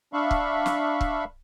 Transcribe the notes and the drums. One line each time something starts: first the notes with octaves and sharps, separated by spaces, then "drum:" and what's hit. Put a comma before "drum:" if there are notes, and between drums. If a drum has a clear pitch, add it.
D4 E5 F5 B5 C#6
drum: kick C#1
drum: snare
drum: kick C#1